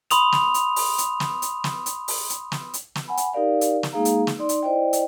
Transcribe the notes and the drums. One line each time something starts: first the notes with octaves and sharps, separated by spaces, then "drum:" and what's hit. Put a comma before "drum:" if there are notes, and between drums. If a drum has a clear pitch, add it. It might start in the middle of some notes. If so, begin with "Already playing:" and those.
B5 C6 D#6 F7, drum: hi-hat
drum: snare
drum: hi-hat
drum: open hi-hat
drum: hi-hat
drum: snare
drum: hi-hat
drum: snare
drum: hi-hat
drum: open hi-hat
drum: hi-hat
drum: snare
drum: hi-hat
drum: snare
F#5 G#5 B5
drum: hi-hat
D#4 G4 A#4 D5 F5
drum: hi-hat
drum: snare
G#3 A#3 D#4 G#4 F5 A#5
drum: hi-hat
drum: snare
D#4 D5 C6
drum: hi-hat
E4 C5 D5 D#5 G5
drum: hi-hat